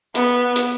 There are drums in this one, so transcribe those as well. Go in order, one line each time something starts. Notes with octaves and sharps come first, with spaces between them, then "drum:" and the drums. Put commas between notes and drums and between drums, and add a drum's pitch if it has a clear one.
B3, drum: hi-hat
drum: hi-hat